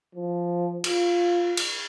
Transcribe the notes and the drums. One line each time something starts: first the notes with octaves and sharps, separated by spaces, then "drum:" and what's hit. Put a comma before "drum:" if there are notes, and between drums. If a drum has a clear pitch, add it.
F3
F4, drum: cymbal
drum: cymbal